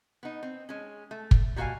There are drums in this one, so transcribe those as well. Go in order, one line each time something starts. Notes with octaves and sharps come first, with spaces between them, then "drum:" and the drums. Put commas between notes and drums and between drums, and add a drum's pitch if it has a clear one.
B3 D#4
C4
G#3 C#4
A3
drum: kick
G3 A#3 F#4 D5 F5 G#5